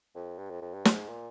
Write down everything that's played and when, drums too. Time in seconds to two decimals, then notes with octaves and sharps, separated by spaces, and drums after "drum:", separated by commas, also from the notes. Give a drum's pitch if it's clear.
0.15 F2
0.38 G2
0.50 F2
0.62 F2
0.74 G2
0.85 G#2, drum: snare
1.09 A#2